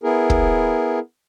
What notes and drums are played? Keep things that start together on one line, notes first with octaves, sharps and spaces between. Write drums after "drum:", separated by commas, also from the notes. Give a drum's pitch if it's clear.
B3 E4 G#4 A#4
drum: kick